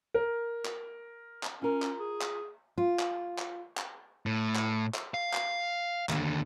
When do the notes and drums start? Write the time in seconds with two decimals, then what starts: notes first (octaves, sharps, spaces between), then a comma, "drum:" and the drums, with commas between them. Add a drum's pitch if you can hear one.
0.14 A#4
0.65 drum: clap
1.43 drum: clap
1.62 C#4 F4 A#4
1.82 drum: clap
2.00 G#4
2.21 drum: clap
2.78 F4
2.99 drum: clap
3.38 drum: clap
3.77 drum: clap
4.26 A2
4.55 drum: clap
4.95 drum: clap
5.14 F5
5.34 drum: clap
6.09 D#2 D3, drum: clap